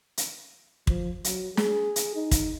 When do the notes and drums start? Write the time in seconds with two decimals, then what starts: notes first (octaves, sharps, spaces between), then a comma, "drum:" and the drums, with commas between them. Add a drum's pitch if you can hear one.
0.17 drum: hi-hat
0.87 F3, drum: kick
1.24 F#3, drum: hi-hat
1.57 G#4, drum: snare
1.96 drum: hi-hat
2.16 D#4
2.31 drum: kick, hi-hat